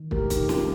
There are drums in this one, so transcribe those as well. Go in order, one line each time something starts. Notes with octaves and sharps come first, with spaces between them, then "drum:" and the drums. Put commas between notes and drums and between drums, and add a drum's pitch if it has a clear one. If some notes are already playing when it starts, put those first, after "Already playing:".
Already playing: D#3
A3 G4 A#4, drum: kick
D#3 D#4 G4, drum: kick, hi-hat
C4 F4, drum: snare